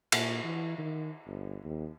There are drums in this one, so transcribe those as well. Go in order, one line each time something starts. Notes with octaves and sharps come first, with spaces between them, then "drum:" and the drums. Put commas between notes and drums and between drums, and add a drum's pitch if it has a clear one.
A#2, drum: cymbal
E3
D#3
G1
D#2